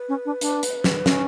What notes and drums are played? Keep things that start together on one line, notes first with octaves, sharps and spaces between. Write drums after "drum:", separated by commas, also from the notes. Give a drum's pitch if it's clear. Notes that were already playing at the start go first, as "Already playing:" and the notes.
Already playing: B4
C#4
D4
D4, drum: hi-hat
drum: hi-hat
drum: snare
C#4, drum: snare